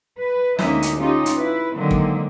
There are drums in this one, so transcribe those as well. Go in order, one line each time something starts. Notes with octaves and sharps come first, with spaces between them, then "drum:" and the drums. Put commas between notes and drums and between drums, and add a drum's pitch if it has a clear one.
B4
D2 G#3 A#3 C#4 D#4 E5, drum: snare
drum: hi-hat
C#4 D#4 F4 G4
drum: hi-hat
E4 B4
D3 D#3 F#3 G#3 A#3 C4
drum: kick